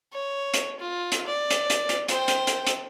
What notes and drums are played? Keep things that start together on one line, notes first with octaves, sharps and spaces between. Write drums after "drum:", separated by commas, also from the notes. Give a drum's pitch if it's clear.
C#5
drum: hi-hat
F4
drum: hi-hat
D5
drum: hi-hat
drum: hi-hat
drum: hi-hat
C5 G5, drum: hi-hat
drum: hi-hat
drum: hi-hat
drum: hi-hat